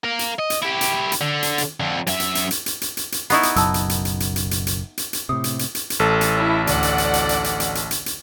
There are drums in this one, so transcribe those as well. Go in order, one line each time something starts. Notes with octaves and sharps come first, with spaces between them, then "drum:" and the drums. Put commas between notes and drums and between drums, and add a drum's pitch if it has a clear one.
A#4 F5
drum: hi-hat
D#5
drum: hi-hat
E4 G4
drum: hi-hat
drum: hi-hat
D3
drum: hi-hat
drum: hi-hat
F2 D3
F#2 E5, drum: hi-hat
drum: hi-hat
drum: hi-hat
drum: hi-hat
drum: hi-hat
drum: hi-hat
drum: hi-hat
drum: hi-hat
B3 D#4 E4 C#6 C7, drum: hi-hat
drum: hi-hat
F#1 B1 F#2 A5 D#6 E6, drum: hi-hat
drum: hi-hat
drum: hi-hat
drum: hi-hat
drum: hi-hat
drum: hi-hat
drum: hi-hat
drum: hi-hat
drum: hi-hat
drum: hi-hat
A2 C3 D#6
drum: hi-hat
drum: hi-hat
drum: hi-hat
drum: hi-hat
A1 A4
drum: hi-hat
E4
D2 D5 F#5, drum: hi-hat
drum: hi-hat
drum: hi-hat
drum: hi-hat
drum: hi-hat
drum: hi-hat
drum: hi-hat
drum: hi-hat
drum: hi-hat
drum: hi-hat